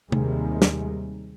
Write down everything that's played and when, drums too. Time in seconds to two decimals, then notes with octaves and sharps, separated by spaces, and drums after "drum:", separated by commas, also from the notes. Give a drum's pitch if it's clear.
0.12 D#2 C3 D#3 G3 G#3, drum: tom C3
0.62 drum: snare